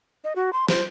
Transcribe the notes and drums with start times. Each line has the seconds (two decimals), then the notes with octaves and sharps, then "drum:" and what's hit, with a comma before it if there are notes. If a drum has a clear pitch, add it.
0.24 D#5
0.36 F#4
0.53 C6
0.68 C5, drum: snare